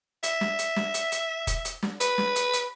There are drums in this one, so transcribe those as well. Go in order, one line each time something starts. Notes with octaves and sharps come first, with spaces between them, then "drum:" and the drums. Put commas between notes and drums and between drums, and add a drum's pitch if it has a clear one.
E5, drum: hi-hat
drum: snare
drum: hi-hat
drum: snare
drum: hi-hat
drum: hi-hat
drum: kick, hi-hat
drum: hi-hat
drum: snare
B4, drum: hi-hat
drum: snare
drum: hi-hat
drum: hi-hat